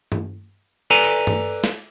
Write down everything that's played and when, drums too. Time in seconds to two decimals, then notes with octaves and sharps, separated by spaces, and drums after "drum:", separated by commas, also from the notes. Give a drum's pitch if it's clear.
0.12 drum: tom G2
0.91 A4 B4 D5 G#5 A#5
1.04 drum: cymbal
1.27 drum: tom G2
1.64 drum: snare